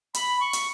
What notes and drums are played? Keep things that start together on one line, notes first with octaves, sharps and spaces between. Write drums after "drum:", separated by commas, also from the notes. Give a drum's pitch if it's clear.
B5, drum: hi-hat
C#6
drum: hi-hat